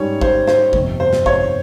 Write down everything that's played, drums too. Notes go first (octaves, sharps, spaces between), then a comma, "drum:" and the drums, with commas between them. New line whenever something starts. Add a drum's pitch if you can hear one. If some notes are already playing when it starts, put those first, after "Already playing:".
Already playing: G#2 G3 C#4 C#5
C5, drum: kick
C5, drum: snare
G1 F2 C3, drum: kick
C5
drum: snare
C#5, drum: kick